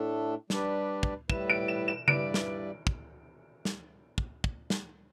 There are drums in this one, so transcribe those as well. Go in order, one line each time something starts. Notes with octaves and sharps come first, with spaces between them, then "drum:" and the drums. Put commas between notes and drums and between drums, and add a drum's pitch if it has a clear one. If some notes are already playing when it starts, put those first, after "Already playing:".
Already playing: A2 A3 D4 A4
G3 D4 G4 B4 D5, drum: snare
drum: kick
A2 G3 E4 B4 E7, drum: kick
D7
E7
E7
G2 G3 E4 B4 D5 D7, drum: tom C#3
drum: snare
drum: kick
drum: snare
drum: kick
drum: kick
drum: snare